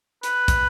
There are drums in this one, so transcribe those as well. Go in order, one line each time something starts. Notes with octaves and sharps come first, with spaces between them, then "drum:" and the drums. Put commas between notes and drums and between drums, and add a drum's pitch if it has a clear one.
B4, drum: hi-hat
drum: kick, hi-hat